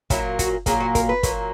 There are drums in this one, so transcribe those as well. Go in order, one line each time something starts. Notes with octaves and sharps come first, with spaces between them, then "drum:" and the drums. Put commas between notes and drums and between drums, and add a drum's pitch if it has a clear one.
A#2 F#3 A#3 E4, drum: kick, hi-hat
F#4, drum: kick, hi-hat
A#2 F#3 A#3 G#4, drum: kick, hi-hat
F#4
A#4, drum: kick, hi-hat
B4
A#2 F#3 A#3, drum: kick, hi-hat